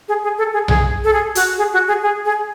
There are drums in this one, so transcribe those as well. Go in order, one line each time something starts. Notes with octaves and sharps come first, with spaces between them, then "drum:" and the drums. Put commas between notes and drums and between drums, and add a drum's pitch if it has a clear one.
G#4
G#4
A4
G#4
G#4, drum: tom B1
A4
G#4
F#4, drum: hi-hat
G#4
F#4
G#4
G#4
G#4